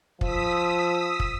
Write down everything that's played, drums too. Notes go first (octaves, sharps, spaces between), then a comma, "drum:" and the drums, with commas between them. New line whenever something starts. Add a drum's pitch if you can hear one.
F3 D#6 E6 B6, drum: kick
drum: kick